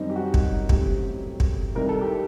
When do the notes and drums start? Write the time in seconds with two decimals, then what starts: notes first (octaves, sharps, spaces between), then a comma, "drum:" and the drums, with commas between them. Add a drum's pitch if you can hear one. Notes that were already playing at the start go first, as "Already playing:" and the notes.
Already playing: F#2 D#3 G3 C4 D#4
0.10 G4
0.16 F#4
0.34 drum: kick
0.69 A1 A2 F#3 C4 G4, drum: kick
1.40 drum: kick
1.75 C2 C3 D#3 G3 A#4
1.89 A4
2.01 G4